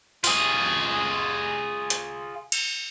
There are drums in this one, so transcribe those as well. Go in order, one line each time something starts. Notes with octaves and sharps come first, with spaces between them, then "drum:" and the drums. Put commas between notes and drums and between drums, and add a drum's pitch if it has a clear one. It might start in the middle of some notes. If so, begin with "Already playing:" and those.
F4 G#4, drum: open hi-hat
drum: hi-hat
drum: cymbal